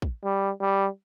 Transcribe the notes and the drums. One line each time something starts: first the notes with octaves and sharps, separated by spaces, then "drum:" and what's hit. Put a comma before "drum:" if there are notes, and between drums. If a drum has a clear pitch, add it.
drum: kick
G3
G3